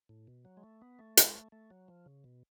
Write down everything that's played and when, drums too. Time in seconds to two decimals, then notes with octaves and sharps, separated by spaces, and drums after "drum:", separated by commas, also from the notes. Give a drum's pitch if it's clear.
0.09 A2
0.27 B2
0.45 F#3
0.57 G#3
0.63 A3
0.82 B3
0.99 A3
1.17 G#3, drum: hi-hat
1.35 A3
1.52 A3
1.70 F#3
1.88 F3
2.06 C#3
2.24 B2